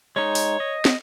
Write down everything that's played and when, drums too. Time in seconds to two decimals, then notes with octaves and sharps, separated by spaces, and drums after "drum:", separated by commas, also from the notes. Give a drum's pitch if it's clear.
0.16 G#3 D#4 C#5
0.35 drum: open hi-hat
0.60 D#5
0.85 drum: snare